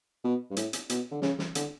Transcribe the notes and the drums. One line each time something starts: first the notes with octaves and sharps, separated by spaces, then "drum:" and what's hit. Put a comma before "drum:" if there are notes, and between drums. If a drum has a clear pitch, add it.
B2
G2
A2, drum: hi-hat
drum: hi-hat
B2, drum: hi-hat
D3
C#3, drum: snare
drum: snare
D3, drum: hi-hat